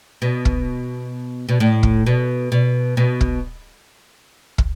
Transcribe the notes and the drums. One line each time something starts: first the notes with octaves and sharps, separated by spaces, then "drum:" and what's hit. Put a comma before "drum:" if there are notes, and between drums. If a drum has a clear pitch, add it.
B2
drum: kick
B2
A2
drum: kick
B2
B2
B2
drum: kick
drum: kick